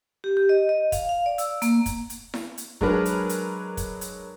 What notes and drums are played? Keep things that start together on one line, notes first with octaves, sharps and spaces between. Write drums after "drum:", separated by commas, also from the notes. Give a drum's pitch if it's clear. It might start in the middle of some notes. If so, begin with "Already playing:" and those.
G4
G4
D#5
D#5
F5, drum: kick, hi-hat
F5
D5
E6, drum: hi-hat
A#3, drum: hi-hat
drum: kick, hi-hat
drum: hi-hat
drum: snare E4
drum: hi-hat
F#3 G#3 D4 G#4 A#4 B4, drum: kick
drum: hi-hat
drum: hi-hat
drum: kick, hi-hat
drum: hi-hat